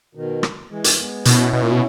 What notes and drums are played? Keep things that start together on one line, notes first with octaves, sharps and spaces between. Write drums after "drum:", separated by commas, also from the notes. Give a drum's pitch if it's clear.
B2 D#3
drum: rim click
E3 G#3
drum: hi-hat
G#3 B3
B2 C#4 E4, drum: hi-hat
B2
A#2
B2